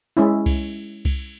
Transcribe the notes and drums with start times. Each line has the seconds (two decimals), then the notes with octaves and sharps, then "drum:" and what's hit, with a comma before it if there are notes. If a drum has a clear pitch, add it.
0.17 G#3 C#4 E4
0.46 drum: kick C2, cymbal
1.05 drum: kick C2, cymbal